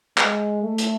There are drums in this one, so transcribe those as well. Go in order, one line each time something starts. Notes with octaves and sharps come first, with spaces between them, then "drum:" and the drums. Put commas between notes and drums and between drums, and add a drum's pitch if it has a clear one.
G#3, drum: clap
A3
drum: hi-hat